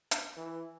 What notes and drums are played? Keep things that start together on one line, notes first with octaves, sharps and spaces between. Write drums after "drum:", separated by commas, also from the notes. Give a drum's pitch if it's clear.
drum: hi-hat
E3